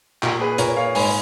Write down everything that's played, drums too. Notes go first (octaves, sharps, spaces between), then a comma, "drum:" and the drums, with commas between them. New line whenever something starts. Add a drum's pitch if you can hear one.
A#2 A#4, drum: clap
G#4 B4
A#2 A#4 C#5, drum: hi-hat
C#5 F5
G#2 G#5 B5, drum: open hi-hat